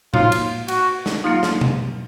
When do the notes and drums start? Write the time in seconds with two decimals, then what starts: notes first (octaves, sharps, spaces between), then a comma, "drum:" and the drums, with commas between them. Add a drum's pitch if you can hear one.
0.14 A#3 D#4 F4 F#4 C#5, drum: tom A2
0.32 drum: cymbal
0.68 F#4, drum: cymbal
1.06 drum: snare
1.24 F#3 A#3 D#4 F4
1.43 drum: snare
1.61 drum: tom B2